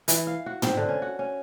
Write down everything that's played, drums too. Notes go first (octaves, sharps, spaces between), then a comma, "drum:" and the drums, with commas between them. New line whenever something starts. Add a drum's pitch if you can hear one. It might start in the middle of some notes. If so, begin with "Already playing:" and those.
E3, drum: hi-hat
F5
F#4
C4, drum: tom
D3
C#4
F#4
C#4